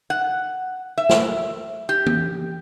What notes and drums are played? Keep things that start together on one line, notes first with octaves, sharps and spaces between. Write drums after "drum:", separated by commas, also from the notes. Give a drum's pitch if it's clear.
F#5
E5
drum: snare
G4
drum: tom